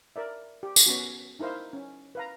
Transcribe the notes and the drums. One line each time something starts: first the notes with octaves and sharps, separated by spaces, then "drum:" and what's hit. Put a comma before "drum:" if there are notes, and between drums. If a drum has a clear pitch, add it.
A#4 D5 E5
G4
drum: tambourine
B3 C#4 F#4
D#4 E4 A#4 C5 F5
C#4
B4 F5 A#5